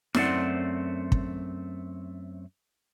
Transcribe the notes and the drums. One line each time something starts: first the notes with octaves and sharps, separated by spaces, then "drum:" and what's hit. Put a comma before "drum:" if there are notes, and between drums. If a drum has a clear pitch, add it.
F#2 A3 C4 C5 D5 F#5, drum: snare
drum: kick